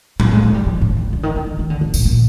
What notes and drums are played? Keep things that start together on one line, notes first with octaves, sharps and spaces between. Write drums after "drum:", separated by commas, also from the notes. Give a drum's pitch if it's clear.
A#3, drum: tom A2
G#3
G#3
G3
F3
G#2
C3
D3
D#3
D3
D3
D#3
D3
C3
A#2, drum: tambourine
A#2